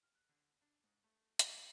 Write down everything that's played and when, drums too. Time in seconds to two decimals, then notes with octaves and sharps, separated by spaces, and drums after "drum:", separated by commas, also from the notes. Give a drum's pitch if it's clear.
0.03 F6
0.15 F#6
0.29 D3
0.62 D4
0.84 G#2
1.04 A3
1.39 G4, drum: hi-hat